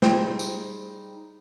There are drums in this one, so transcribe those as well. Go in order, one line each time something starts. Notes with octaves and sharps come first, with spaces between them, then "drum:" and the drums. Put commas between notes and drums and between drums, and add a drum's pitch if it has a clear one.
G3 D#4 G#4 C5 G5, drum: snare
drum: tambourine